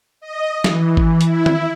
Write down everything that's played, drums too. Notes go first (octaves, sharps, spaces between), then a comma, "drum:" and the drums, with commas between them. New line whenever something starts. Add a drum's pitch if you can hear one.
D#5
E3, drum: snare
drum: kick G#1
E4, drum: hi-hat
drum: tom D#3